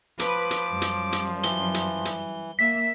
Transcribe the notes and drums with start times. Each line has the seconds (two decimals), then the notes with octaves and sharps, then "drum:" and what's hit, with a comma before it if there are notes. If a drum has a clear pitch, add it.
0.19 F3 B4 D6, drum: hi-hat
0.51 drum: hi-hat
0.69 F#2 G3
0.82 drum: hi-hat
1.12 drum: hi-hat
1.43 E3 G7, drum: hi-hat
1.74 drum: hi-hat
2.05 drum: hi-hat
2.59 A#3 E5 B6